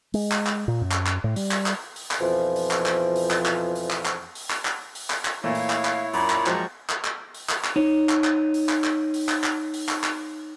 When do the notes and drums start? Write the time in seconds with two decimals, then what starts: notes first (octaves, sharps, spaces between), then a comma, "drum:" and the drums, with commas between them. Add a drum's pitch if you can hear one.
0.14 G#3, drum: open hi-hat
0.32 drum: clap
0.47 drum: clap
0.68 A#2
0.81 F#2
0.91 drum: clap
1.06 drum: clap
1.24 A2
1.36 G3, drum: open hi-hat
1.51 drum: clap
1.66 drum: clap
1.96 drum: open hi-hat
2.11 drum: clap
2.20 F2 B2 E3 F3
2.56 drum: open hi-hat
2.71 drum: clap
2.86 drum: clap
3.16 drum: open hi-hat
3.31 drum: clap
3.46 drum: clap
3.76 drum: open hi-hat
3.91 drum: clap
4.05 drum: clap
4.35 drum: open hi-hat
4.50 drum: clap
4.65 drum: clap
4.95 drum: open hi-hat
5.10 drum: clap
5.25 drum: clap
5.44 A#2 E3 A3 E4 C#5 F5
5.55 drum: open hi-hat
5.70 drum: clap
5.85 drum: clap
6.13 F#2 A#2 B5, drum: open hi-hat
6.30 drum: clap
6.46 F3 F#3 G#3 G5 A#5 C#6, drum: clap
6.90 drum: clap
7.05 drum: clap
7.34 drum: open hi-hat
7.49 drum: clap
7.64 drum: clap
7.76 D#4 C#5
8.09 drum: clap
8.24 drum: clap
8.54 drum: open hi-hat
8.69 drum: clap
8.84 drum: clap
9.14 drum: open hi-hat
9.29 drum: clap
9.44 drum: clap
9.74 drum: open hi-hat
9.89 drum: clap
10.04 drum: clap